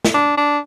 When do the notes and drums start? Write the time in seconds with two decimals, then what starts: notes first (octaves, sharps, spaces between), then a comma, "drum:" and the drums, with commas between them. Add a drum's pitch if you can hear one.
0.05 drum: snare
0.14 D4
0.37 D4